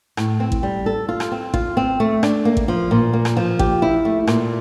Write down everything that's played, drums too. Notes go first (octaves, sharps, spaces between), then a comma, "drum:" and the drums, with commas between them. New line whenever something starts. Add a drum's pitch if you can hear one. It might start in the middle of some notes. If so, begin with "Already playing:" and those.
A2, drum: rim click
C4
drum: kick A1
G3
A4
F4
drum: rim click
C4
F4, drum: kick A1
C4
A3
D4, drum: rim click
A#3
drum: kick A1
F3
A#2
A#3
drum: rim click
F3
G4, drum: kick A1
E4
A3
A#2, drum: rim click